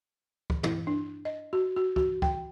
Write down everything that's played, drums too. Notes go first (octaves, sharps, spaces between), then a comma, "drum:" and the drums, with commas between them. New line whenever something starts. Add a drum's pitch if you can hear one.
drum: kick C#2
E4, drum: tom
D4
D#5
F#4
F#4
F#4, drum: kick C#2
G5, drum: kick C#2